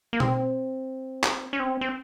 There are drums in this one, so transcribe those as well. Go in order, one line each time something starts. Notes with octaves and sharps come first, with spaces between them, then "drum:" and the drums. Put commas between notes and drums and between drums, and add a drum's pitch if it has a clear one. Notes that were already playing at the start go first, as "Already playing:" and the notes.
A#3
C4, drum: tom B2
drum: clap
C#4
C4
C4